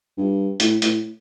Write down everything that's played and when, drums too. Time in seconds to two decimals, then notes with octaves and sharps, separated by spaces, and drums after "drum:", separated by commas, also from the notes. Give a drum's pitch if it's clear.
0.17 G2
0.60 A2, drum: hi-hat
0.82 A2, drum: hi-hat